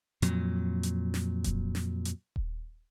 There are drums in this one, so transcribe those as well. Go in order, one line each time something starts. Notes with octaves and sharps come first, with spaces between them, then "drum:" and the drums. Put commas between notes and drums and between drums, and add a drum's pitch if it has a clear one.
F2 A#2 F#3, drum: hi-hat
drum: hi-hat
drum: snare
drum: kick D#1, hi-hat
drum: snare
drum: hi-hat
drum: kick D#1